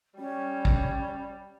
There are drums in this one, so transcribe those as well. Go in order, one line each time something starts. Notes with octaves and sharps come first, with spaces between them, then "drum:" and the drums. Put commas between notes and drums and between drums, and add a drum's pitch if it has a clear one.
G3 C#4
drum: kick